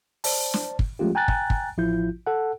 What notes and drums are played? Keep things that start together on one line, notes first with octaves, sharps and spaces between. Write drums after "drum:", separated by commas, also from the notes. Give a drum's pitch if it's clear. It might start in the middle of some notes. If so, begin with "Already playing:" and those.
C5 D5 A5, drum: open hi-hat
drum: snare
drum: kick
F3 G#3 A3 C#4 F4 G4
G5 G#5 A#5 F#6 A6
drum: kick
drum: kick
A1 F3 E4 F4 G6
A4 F#5